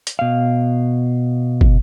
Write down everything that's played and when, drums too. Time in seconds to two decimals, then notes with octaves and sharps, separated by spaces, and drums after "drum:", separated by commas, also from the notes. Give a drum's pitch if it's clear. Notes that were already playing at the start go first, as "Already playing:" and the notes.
0.07 drum: hi-hat
0.19 B2 F5
1.61 drum: kick